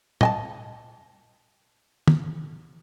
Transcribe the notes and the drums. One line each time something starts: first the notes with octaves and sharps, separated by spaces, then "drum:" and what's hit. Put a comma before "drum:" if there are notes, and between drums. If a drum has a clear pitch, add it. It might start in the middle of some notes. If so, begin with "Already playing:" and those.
D#5 G#5 A5, drum: tom
drum: tom